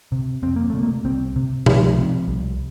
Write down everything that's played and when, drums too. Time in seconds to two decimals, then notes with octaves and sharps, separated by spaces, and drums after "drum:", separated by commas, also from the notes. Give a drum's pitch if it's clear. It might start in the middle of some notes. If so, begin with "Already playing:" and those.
0.12 C3
0.42 F2 C4
0.56 A#3
0.70 C3 A3
0.83 A#3
1.05 C2 C4
1.36 C3
1.66 C2 F3, drum: tom B2
1.98 C3
2.28 C2